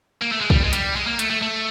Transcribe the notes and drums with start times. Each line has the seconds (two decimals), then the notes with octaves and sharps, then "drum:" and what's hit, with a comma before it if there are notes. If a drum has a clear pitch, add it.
0.21 A#3
0.31 A3
0.40 G#3
0.50 G3, drum: kick
0.64 G#3
0.73 G3, drum: hi-hat
0.96 G#3
1.07 A#3
1.19 A3, drum: hi-hat
1.30 A3
1.42 A3